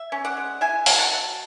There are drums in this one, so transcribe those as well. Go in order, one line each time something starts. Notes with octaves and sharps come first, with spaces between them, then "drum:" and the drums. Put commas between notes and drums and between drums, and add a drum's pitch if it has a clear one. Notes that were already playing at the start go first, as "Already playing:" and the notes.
Already playing: E5
C#4
D5 F#5
G#3
E4 E5 G#5
F#3, drum: open hi-hat
F#5 A5
F#3